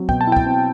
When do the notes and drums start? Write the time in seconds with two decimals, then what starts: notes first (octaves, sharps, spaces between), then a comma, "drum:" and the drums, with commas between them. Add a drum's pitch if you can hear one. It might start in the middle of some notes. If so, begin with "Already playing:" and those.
Already playing: F#3 C4
0.09 B2 G5, drum: kick
0.21 A5
0.27 E4 G5
0.37 drum: kick
0.46 C4